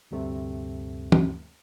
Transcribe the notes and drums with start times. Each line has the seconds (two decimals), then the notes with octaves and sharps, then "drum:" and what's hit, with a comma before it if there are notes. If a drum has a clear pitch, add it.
0.11 D2 G2 C3 A3
1.12 drum: tom